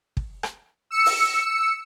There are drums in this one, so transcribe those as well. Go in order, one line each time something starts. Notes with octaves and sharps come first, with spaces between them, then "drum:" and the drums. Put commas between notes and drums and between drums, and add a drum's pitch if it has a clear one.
drum: kick
drum: rim click
E6 C#7
drum: open hi-hat